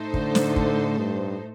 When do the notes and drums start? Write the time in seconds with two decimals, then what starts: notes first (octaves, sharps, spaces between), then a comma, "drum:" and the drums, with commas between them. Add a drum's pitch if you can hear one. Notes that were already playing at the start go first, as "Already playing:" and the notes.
Already playing: A2 A3 D#4 A4 C5
0.14 D3, drum: kick
0.35 drum: snare
0.56 drum: kick
0.99 G2